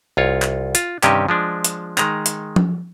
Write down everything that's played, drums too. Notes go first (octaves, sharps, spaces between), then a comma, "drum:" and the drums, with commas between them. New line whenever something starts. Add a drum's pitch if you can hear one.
C2 F4 C#5
drum: clap
F4, drum: hi-hat
G2 C3 D#3 C#4 G4 D#5, drum: clap
F3 G#3 D4
drum: hi-hat
D#3 G#3 A#5, drum: clap
drum: hi-hat
drum: tom F3